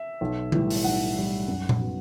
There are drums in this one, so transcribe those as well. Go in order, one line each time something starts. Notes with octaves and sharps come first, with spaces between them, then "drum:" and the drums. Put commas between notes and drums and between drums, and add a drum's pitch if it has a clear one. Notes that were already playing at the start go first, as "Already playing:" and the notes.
Already playing: E5
B1
A2 E3 G3, drum: tom D3
drum: open hi-hat
B1 F#5
A2 E3 G3
F#2
drum: tom A#2
F#3 B3